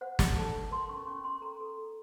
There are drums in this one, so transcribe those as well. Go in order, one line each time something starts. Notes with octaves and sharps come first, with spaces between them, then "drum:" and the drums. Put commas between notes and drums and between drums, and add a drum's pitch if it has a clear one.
C5 F#5
D#4, drum: snare
A4 A5
D#4
A#4 C6
C#4 C#6
C#4 C#6
C#4 C6
A4 A#5
A4
A4